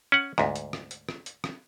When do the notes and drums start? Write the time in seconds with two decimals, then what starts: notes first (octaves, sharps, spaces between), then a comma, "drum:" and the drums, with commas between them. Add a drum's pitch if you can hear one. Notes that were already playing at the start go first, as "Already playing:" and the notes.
0.12 C#4 F#5
0.38 D2 G#2, drum: rim click
0.56 drum: hi-hat
0.73 drum: rim click
0.91 drum: hi-hat
1.09 drum: rim click
1.26 drum: hi-hat
1.44 drum: rim click